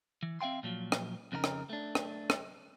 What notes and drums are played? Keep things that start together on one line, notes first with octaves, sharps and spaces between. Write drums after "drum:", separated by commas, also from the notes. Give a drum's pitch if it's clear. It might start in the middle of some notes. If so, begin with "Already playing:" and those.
E3
C4 E5 F5 G5 C6
A#2 F3 F#3
drum: rim click
F2 C#3 D#4 F4 A#4
drum: rim click
A3 D4
drum: rim click
drum: rim click